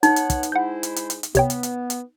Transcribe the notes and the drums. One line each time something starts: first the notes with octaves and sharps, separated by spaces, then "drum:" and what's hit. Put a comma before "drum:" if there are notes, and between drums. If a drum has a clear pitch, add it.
B3 D#4 C#5 F#5, drum: hi-hat
drum: hi-hat
drum: kick, hi-hat
drum: hi-hat
G#3 E4 C5 F#5 G6
drum: hi-hat
drum: hi-hat
drum: hi-hat
drum: hi-hat
C3 B3 C#5 G5, drum: kick, hi-hat
drum: hi-hat
drum: hi-hat
drum: hi-hat